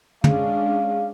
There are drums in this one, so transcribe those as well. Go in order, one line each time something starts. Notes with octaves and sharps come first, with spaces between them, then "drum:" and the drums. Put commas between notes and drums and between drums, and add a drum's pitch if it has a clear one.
G#3 C#4 D4 F5, drum: tom